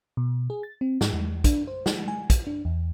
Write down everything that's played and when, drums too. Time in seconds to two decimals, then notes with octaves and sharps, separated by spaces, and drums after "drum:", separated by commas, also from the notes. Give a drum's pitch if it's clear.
0.17 B2
0.50 G#4
0.63 A6
0.81 C4
1.01 G#2, drum: snare
1.13 E2
1.44 D4, drum: kick, hi-hat
1.67 C5
1.86 drum: snare
2.08 G#5
2.30 drum: kick, hi-hat
2.47 D4
2.65 E2